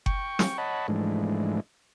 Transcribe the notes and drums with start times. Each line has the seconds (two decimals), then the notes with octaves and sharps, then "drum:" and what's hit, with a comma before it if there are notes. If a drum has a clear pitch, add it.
0.06 G5 C#6, drum: kick F#1
0.39 drum: snare
0.58 C#5 D#5 F#5 A5 B5
0.88 G#2 E3 F3 G#3 A3 D4